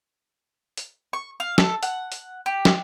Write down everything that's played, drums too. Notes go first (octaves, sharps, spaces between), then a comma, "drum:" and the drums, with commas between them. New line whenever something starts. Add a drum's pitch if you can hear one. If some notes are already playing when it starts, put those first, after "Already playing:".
drum: hi-hat
C#6
F5
A4, drum: snare
F#5, drum: hi-hat
drum: hi-hat
G4
drum: snare